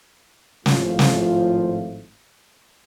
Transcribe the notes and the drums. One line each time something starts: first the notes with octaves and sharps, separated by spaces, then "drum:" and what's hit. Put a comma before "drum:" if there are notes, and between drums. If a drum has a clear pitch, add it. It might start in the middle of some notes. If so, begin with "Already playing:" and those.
G#1 A2 F3 A3 F4, drum: snare
drum: snare